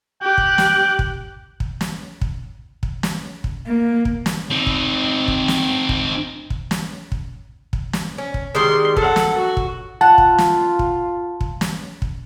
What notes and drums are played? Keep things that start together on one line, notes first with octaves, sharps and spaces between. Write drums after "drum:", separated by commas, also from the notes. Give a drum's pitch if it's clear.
G4 G5 F#6
drum: kick
drum: snare
drum: kick
drum: kick
drum: snare
drum: kick
drum: kick
drum: snare
drum: kick
A#3
drum: kick
drum: snare
C4 D#4
drum: kick
drum: kick
drum: snare
drum: kick
drum: kick
drum: snare
drum: kick
drum: kick
drum: snare
C#4
drum: kick
D#3 G3 G#3 C6
F#3 A4 F#5, drum: kick
drum: snare
F#4
drum: kick
F4 F#5 A5
drum: kick
drum: snare
drum: kick
drum: kick
drum: snare
drum: kick